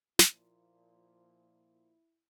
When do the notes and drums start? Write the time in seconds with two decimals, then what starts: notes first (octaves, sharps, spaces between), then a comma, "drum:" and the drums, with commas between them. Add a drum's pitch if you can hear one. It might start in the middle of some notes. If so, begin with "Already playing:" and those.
0.19 A#2 F3 E4, drum: snare